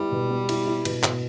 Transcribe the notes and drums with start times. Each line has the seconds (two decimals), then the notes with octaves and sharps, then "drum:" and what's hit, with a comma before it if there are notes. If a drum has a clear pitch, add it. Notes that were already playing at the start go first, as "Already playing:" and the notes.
Already playing: G3 B3 E4
0.12 B2
0.30 B3
0.49 E4, drum: cymbal
0.67 E4
0.85 B2, drum: cymbal
1.04 B2, drum: clap